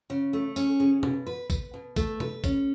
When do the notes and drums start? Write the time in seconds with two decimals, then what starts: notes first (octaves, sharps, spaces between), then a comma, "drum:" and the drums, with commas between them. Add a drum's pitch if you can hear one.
0.10 C#3
0.33 A3
0.56 C#4, drum: tambourine
0.80 C#3
1.03 B2, drum: tom B2
1.27 B4
1.50 B4, drum: kick A#1, tambourine
1.74 B2
1.96 A3, drum: kick A#1, tambourine
2.20 B4, drum: tom B2
2.44 C#4, drum: kick A#1, tambourine